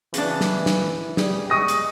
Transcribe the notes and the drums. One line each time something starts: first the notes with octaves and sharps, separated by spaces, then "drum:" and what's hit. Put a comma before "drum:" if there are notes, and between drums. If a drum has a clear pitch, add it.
C#3 E3 B3 D4, drum: hi-hat
drum: snare
drum: snare
G3 G#4, drum: snare
G#3 C#6 D#6 A#6
drum: hi-hat